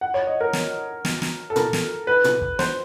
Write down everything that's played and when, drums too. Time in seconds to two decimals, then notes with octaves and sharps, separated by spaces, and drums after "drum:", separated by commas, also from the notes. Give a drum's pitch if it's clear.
0.01 F#5
0.14 C#5
0.27 D#5
0.41 A#4
0.53 drum: snare
1.05 drum: snare
1.22 drum: snare
1.50 A4
1.56 A#4, drum: tom
1.73 drum: snare
2.07 B4
2.24 drum: tom
2.41 drum: kick
2.59 C5, drum: snare